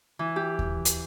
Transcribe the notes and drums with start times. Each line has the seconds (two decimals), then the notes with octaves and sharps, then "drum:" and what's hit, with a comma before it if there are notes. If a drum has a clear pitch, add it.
0.19 E3
0.36 G4
0.59 drum: kick D#2
0.85 drum: hi-hat